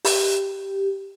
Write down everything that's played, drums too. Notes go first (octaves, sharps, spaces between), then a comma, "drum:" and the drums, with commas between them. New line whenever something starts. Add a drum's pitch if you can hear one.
G4, drum: open hi-hat